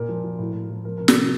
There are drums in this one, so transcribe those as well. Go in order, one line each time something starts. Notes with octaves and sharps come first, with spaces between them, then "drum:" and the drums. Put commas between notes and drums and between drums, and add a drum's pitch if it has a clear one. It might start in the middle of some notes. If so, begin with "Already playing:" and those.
Already playing: A#2 A#4
F3
F3
A2
A2
F3
F3 A#4
C3 A#4
A4, drum: snare
C3